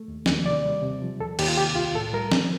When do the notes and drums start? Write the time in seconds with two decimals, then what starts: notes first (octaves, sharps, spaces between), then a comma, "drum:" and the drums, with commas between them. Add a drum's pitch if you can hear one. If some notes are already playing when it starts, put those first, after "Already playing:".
Already playing: A3
0.08 D#2
0.26 D#2, drum: snare
0.45 C3 D5
0.64 G3
0.82 C3
1.02 F3
1.20 D#2 A4
1.39 D#2 G4, drum: cymbal
1.48 F4
1.57 C3 G4
1.75 C2 F4
1.94 A2 A4
2.13 G3 A#4
2.32 C4, drum: snare